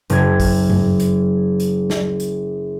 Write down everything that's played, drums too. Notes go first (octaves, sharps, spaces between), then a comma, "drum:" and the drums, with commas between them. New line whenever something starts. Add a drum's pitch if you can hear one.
F#1 G#6, drum: hi-hat
drum: kick, open hi-hat
drum: tom G2
drum: hi-hat
drum: hi-hat
drum: snare
drum: hi-hat